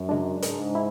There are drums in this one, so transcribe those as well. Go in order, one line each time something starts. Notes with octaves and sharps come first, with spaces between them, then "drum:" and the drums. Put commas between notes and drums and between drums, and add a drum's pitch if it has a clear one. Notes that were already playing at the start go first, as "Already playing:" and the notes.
Already playing: F#2
C#3 G#3 D4
G#2, drum: hi-hat
E4